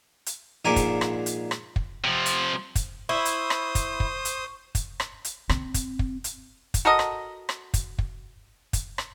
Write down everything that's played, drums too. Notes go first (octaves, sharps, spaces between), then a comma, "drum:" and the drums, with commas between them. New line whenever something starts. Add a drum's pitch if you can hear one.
drum: hi-hat
A#1 G#2 F3 A#4 D5 G#5
drum: kick, hi-hat
drum: rim click
drum: hi-hat
drum: rim click
drum: kick
C3 F3
drum: hi-hat
drum: kick, hi-hat
E4 C5 C#6 D#6
drum: hi-hat
drum: rim click
drum: kick, hi-hat
drum: kick
drum: hi-hat
drum: kick, hi-hat
drum: rim click
drum: hi-hat
C4, drum: rim click
drum: kick, hi-hat
drum: kick
drum: hi-hat
drum: kick, hi-hat
F#4 A4 A#4 D#5
drum: rim click
drum: rim click
drum: kick, hi-hat
drum: kick
drum: kick, hi-hat
drum: rim click